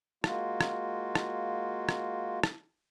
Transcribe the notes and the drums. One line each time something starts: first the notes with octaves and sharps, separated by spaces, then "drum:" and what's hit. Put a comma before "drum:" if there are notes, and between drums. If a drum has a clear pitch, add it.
G#3 A#3 F4 F#4, drum: rim click
drum: rim click
drum: rim click
drum: rim click
drum: rim click